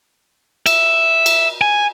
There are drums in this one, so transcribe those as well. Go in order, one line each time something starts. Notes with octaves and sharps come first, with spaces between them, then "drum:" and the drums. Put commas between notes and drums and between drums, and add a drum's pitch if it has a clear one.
E5, drum: cymbal
drum: cymbal
G#5